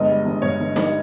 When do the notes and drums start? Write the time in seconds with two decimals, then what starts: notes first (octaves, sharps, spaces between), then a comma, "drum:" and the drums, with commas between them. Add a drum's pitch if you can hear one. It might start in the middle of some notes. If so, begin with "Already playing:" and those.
Already playing: G1 G#3 D#5
0.09 G3
0.25 G1
0.42 G2 C#5
0.60 G1
0.76 G3, drum: snare